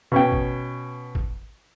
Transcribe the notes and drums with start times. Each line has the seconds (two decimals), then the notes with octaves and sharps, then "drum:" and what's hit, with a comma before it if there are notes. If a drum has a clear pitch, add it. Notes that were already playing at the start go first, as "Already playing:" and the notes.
0.12 B2 C#4 G5
0.32 drum: kick A1
1.15 drum: kick A1